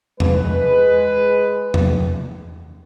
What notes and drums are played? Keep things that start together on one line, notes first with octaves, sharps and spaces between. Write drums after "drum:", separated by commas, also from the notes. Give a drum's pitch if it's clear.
G#3 B4, drum: tom E2
drum: tom E2